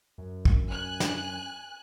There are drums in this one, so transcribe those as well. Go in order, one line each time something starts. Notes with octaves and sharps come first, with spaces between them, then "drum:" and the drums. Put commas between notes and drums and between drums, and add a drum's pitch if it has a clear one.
F#2
drum: kick
G#5 F#6
drum: snare